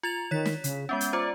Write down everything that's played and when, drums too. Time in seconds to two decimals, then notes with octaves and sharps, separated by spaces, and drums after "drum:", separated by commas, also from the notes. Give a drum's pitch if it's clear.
0.03 F4 A6 F7
0.31 D#3 C#5 B6
0.45 drum: snare
0.64 C#3, drum: hi-hat
0.89 G#3 B3 C#4 G6
1.01 drum: hi-hat
1.13 F4 C5 D5